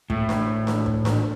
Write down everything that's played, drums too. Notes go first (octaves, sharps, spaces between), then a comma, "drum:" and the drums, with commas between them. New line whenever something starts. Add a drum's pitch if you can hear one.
A2, drum: kick
drum: snare D4
drum: snare D4
drum: kick
drum: snare D4